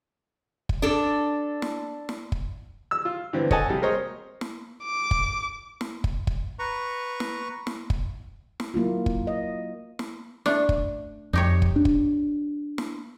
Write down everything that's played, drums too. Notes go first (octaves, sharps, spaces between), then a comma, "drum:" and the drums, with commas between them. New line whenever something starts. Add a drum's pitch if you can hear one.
drum: kick
D4 A4
drum: snare
drum: snare
drum: kick
E6
F4
G2 D3 E3 B3 C4
A4 C#5 D#5 F#5 G#5 A5, drum: kick
C3 G3
G#3 A#4 C5 C#5 D#5
drum: snare
D6
drum: kick
drum: snare
drum: kick
drum: kick
B4 A#5 C#6
drum: snare
drum: snare
drum: kick
drum: snare
F#3 A#3 E4 F4
drum: kick
D#5
drum: snare
A3 D4, drum: snare
drum: kick
F2 D#4 G4 C#5
drum: kick
D4
drum: kick
drum: snare